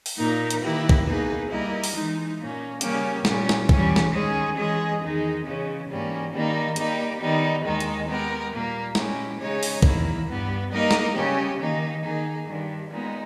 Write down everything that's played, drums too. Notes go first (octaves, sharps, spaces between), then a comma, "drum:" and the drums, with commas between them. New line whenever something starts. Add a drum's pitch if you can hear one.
drum: open hi-hat
A#2 A#3 D#4 A#4
drum: hi-hat
D#3 A#3 E4 G4 B4
drum: kick
B2 A#3 D#4 G#4 B4
G3 A#3 E4 A#4 D#5
drum: open hi-hat
E3 G#3 D#4
A#2 A#3 C#4
C#3 G3 A#3 C#4 G4, drum: hi-hat
A#2 G3 C#4, drum: snare
drum: snare
E3 G3 C#4, drum: kick
drum: snare
D#3 G#3 C#4 G#4
E3 G#3 C#4 G#4 D#5
E2 D#3 G#3 D#4
C#3 E3 G#3 C#4
G#2 E3 G3 A#3 C#4
D#3 G3 A#3 D#4
G3 A#3 D#4 G4, drum: hi-hat
D#3 G3 B3 D#4
D#2 D#3 G#3 D#4
drum: hi-hat
G#3 B3 G4 A#4
A#2 G3 A#3
A#2 G#3 C#4 E4 G4, drum: snare
C#3 G#3 D#4 G#4 C#5
drum: open hi-hat
E2 D#3 A#3 E4, drum: kick
G2 G3 B3
G3 A#3 D#4 A#4 D#5
drum: snare
C#3 G3 C#4 G4
D#3 A#3 D#4
D#3 A#3 D#4 G#4
G2 D#3 G3
A#2 G#3 B3 D#4